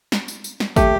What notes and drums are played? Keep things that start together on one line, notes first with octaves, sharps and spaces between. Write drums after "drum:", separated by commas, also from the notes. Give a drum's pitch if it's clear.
drum: snare
drum: tambourine
drum: tambourine
drum: snare
A3 G4, drum: kick G#1, tambourine